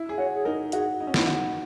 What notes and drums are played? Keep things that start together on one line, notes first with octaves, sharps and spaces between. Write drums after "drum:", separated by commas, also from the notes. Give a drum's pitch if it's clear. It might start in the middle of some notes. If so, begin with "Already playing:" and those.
Already playing: E4
G#4
F#4 C#5
G#4
D#4 A#4
F#4 G#4, drum: hi-hat
D#4
C#4
D#4 E4, drum: snare
F#4